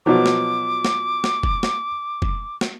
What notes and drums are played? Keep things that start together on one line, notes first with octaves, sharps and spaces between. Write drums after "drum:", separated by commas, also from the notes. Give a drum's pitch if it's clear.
B2 F3 F#3 D6
drum: snare
drum: snare
drum: snare
drum: kick
drum: snare
drum: kick
drum: snare